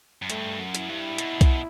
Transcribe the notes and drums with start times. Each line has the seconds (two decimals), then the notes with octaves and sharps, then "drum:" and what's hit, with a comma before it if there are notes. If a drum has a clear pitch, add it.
0.22 F#2
0.30 G2 A3, drum: hi-hat
0.59 F#2
0.75 E4, drum: hi-hat
0.89 G2
1.18 B2, drum: hi-hat
1.41 drum: kick B1, hi-hat